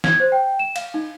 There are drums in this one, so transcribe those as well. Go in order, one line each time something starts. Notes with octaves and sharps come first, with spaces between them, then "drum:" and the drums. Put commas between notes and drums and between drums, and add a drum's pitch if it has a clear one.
G#6, drum: snare
C5
G5
E7
F5, drum: cymbal
D#4